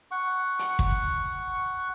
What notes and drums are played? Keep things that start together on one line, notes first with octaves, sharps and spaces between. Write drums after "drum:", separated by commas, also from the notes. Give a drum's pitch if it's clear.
F#5 C#6
drum: hi-hat
drum: kick